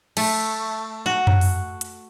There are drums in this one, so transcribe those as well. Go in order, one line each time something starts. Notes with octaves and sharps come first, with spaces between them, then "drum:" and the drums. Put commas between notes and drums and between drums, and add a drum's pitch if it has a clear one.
A3, drum: cymbal
F#4
drum: tom F#2
drum: open hi-hat
drum: hi-hat